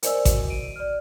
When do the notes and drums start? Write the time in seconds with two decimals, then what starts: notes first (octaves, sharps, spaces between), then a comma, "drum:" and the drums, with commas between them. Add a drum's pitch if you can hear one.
0.03 A#4 C5 D5 D#5 G#5 E6, drum: hi-hat
0.25 F#4, drum: kick A1, hi-hat
0.50 D7 D#7
0.76 D5 F6